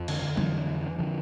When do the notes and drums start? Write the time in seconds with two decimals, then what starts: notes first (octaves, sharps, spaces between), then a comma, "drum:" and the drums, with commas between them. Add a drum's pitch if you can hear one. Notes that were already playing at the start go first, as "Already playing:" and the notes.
Already playing: F2
0.08 D3, drum: cymbal
0.22 D3
0.37 F2 D3 E3, drum: tom F#3
0.99 D3 F3